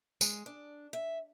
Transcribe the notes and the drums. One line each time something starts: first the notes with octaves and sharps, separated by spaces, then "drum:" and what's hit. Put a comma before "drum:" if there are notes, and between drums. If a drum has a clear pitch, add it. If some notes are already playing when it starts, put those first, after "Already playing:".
G#3, drum: tambourine
D4
E5